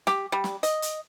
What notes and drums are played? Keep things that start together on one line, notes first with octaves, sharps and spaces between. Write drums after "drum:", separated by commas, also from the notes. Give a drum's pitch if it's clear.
G4, drum: snare
G3
drum: snare
D#5, drum: hi-hat
drum: hi-hat